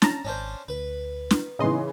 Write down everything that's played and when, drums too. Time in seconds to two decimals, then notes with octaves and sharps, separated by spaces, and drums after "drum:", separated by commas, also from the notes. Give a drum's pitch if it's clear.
0.02 C#4 A5 A#5, drum: snare
0.25 G#1 C#4 D4 C5
0.68 D2 B4
1.31 drum: snare
1.59 C#3 E3 B3 D#4 D#5 C6